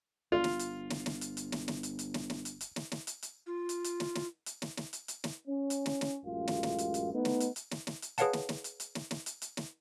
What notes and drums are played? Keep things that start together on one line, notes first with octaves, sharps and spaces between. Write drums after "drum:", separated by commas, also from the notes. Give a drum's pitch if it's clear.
G1 F4
drum: snare
drum: hi-hat
drum: snare
drum: snare
drum: hi-hat
drum: hi-hat
drum: snare
drum: snare
drum: hi-hat
drum: hi-hat
drum: snare
drum: snare
drum: hi-hat
drum: hi-hat
drum: snare
drum: snare
drum: hi-hat
drum: hi-hat
F4
drum: hi-hat
drum: hi-hat
drum: snare
drum: snare
drum: hi-hat
drum: snare
drum: snare
drum: hi-hat
drum: hi-hat
drum: snare
C#4
drum: hi-hat
drum: snare
drum: snare
A1 F#2 G#3 F4
drum: snare
drum: snare
drum: hi-hat
drum: hi-hat
A3 B3 D#4
drum: snare
drum: hi-hat
drum: hi-hat
drum: snare
drum: snare
drum: hi-hat
G#4 B4 C#5 F5 F#5 A5, drum: hi-hat
drum: snare
drum: snare
drum: hi-hat
drum: hi-hat
drum: snare
drum: snare
drum: hi-hat
drum: hi-hat
drum: snare